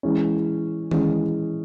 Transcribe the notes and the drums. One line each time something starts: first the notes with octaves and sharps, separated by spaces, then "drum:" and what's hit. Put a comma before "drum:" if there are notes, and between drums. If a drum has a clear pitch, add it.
E3 G#3 C#4
E3 G#3 C#4, drum: tom D#3